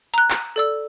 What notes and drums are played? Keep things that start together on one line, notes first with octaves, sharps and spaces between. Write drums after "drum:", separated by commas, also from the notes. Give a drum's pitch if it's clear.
A#5 F#6, drum: hi-hat
drum: clap
A4 D5 E6